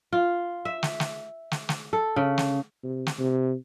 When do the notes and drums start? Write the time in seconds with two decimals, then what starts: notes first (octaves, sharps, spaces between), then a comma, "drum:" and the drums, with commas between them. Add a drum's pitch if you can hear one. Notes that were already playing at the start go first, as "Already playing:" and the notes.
0.13 F4
0.65 E5
0.83 drum: snare
1.00 drum: snare
1.51 drum: snare
1.69 drum: snare
1.93 A4
2.16 C#3
2.38 drum: snare
2.83 C3
3.06 drum: snare
3.19 C3